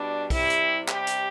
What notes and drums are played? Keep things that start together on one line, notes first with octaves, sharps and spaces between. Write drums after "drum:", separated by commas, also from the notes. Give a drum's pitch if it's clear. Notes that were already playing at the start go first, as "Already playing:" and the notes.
Already playing: B2 G3 D4
C3 G3 E4, drum: kick, open hi-hat
drum: hi-hat
G4, drum: clap
drum: hi-hat